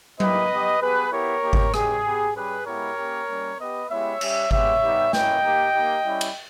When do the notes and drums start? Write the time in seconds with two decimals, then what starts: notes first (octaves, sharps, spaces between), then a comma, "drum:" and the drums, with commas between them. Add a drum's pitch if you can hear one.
0.20 A#3 E4 G4 B4 D#5, drum: tom F#3
0.50 B3
0.55 G4
0.82 B3 G4 G#4 B4
1.12 B3 E4 G4 A#4 C#5
1.43 A#3 D#4 G4
1.53 drum: kick G1
1.74 G#3 C#4 G4 G#4, drum: rim click
2.05 B3 G4
2.35 G3 C#4 G4 G#4 B4
2.66 G#3 B3 E4 G4 A#4 C#5
2.97 A#3 C#4 G4
3.28 G3 A#3 C#4
3.58 B3 G4 B4 D#5
3.89 G#3 B3 E4 G4 C#5 E5
4.21 G3 C#4 G4, drum: cymbal
4.51 G#3 B3 G4 C#5 E5, drum: kick G1
4.82 G3 B3 D#4 G4
5.13 A#3 C#4 E4 D#5 G5, drum: snare
5.43 A#3 D#4 G4
5.74 A#3 D#4 G4
6.05 G3 C#4 E4
6.21 drum: cymbal